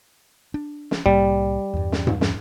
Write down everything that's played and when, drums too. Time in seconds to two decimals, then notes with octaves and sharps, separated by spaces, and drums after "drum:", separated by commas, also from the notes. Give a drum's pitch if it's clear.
0.54 D4
0.91 drum: snare
1.06 C2 A2 G3 A#3
1.73 E2 G2
1.92 drum: snare
2.07 drum: tom G#2
2.21 drum: snare